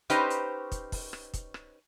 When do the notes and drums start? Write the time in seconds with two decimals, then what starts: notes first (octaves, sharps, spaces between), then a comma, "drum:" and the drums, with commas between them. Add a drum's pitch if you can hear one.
0.10 C#4 D#4 G4 B4 C5, drum: hi-hat
0.30 drum: hi-hat
0.72 drum: kick, hi-hat
0.92 drum: kick, open hi-hat
1.13 drum: rim click
1.34 drum: kick, hi-hat
1.54 drum: rim click